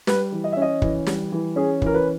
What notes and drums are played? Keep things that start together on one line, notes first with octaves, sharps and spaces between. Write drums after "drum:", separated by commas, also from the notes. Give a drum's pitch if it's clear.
G3 B4, drum: snare
E3
D#5
E5
C#4
D#5
E3, drum: kick
G3, drum: snare
E3
C#4 G#4
E3 A#4, drum: kick
B4